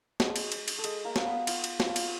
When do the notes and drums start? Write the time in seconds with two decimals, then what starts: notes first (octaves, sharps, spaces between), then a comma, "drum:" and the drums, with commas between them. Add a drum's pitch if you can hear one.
0.20 G#3 G#4, drum: snare
0.36 drum: cymbal
0.52 drum: cymbal
0.68 drum: cymbal
0.78 A4
0.84 G#3 G#4, drum: cymbal
1.05 A#3 A#4
1.16 drum: snare
1.26 B3 B4
1.47 F4 F5, drum: cymbal
1.64 drum: cymbal
1.80 F4 F5, drum: snare
1.96 drum: cymbal